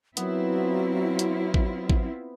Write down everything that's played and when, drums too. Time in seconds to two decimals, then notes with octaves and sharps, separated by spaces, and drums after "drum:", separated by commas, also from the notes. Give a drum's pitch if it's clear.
0.17 F#3 B3 C4 E4 F4, drum: hi-hat
1.19 drum: hi-hat
1.54 drum: kick A1
1.90 drum: kick A1